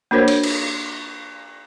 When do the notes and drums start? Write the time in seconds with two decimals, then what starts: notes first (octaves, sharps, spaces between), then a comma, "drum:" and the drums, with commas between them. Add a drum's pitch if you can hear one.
0.11 A#3 D4 F#4 A#4 C5 C#5
0.28 drum: hi-hat
0.43 drum: cymbal